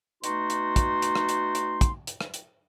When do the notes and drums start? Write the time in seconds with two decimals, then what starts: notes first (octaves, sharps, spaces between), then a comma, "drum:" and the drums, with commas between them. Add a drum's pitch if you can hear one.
0.24 B2 A3 D#4 F#4 C6, drum: hi-hat
0.50 drum: hi-hat
0.76 drum: kick, hi-hat
1.02 drum: hi-hat
1.15 drum: rim click
1.29 drum: hi-hat
1.55 drum: hi-hat
1.81 drum: kick, hi-hat
2.07 drum: hi-hat
2.21 drum: rim click
2.34 drum: hi-hat